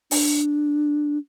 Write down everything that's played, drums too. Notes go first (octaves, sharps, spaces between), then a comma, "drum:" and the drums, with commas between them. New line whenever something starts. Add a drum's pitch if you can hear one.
D4, drum: open hi-hat